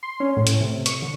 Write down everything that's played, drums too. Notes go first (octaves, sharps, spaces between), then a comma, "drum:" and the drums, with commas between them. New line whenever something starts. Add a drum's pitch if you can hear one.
C6
C#4
A2
drum: hi-hat
C3
C#6, drum: hi-hat
D3